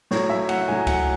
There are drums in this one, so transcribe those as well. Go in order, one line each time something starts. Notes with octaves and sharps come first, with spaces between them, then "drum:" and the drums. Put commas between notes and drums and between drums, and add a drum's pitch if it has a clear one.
A2 F#3 C#5, drum: snare
E5
F#5, drum: cymbal
A2 F#3 G#5
F#5, drum: kick C#2, cymbal